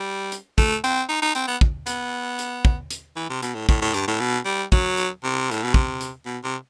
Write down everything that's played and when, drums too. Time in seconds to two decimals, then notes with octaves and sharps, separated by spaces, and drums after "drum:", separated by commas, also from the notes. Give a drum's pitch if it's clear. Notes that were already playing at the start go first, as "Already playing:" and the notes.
Already playing: G3
0.32 drum: hi-hat
0.58 A3, drum: kick
0.84 C4, drum: hi-hat
1.09 D#4
1.22 D#4
1.35 C4, drum: hi-hat
1.48 B3
1.61 drum: kick
1.87 B3, drum: hi-hat
2.39 drum: hi-hat
2.65 drum: kick
2.91 drum: hi-hat
3.16 E3
3.30 C3
3.43 B2, drum: hi-hat
3.55 A2
3.69 A2, drum: kick
3.82 A2
3.94 G2, drum: hi-hat
4.07 A2
4.20 B2
4.46 G3
4.72 F#3, drum: kick
4.97 drum: hi-hat
5.24 C3
5.51 A2, drum: hi-hat
5.63 B2
5.74 C3, drum: kick
6.01 drum: hi-hat
6.26 B2
6.44 C3